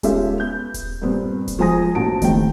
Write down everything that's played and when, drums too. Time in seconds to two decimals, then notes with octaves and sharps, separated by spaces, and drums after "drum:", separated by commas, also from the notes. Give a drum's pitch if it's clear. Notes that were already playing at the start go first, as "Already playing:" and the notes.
0.03 G#3 C#4 F4 G4 A4 E5, drum: kick D#1, hi-hat
0.38 B3 G6
0.74 drum: kick D#1, hi-hat
1.02 G2 A#2 B3 C4
1.48 drum: kick D#1, hi-hat
1.59 F3 G#3 C5 G#5 D#6 A#6
1.95 A1 A#2 F#4 A5 D7
2.22 A2 D#3 G#3 C4 G5, drum: kick D#1, hi-hat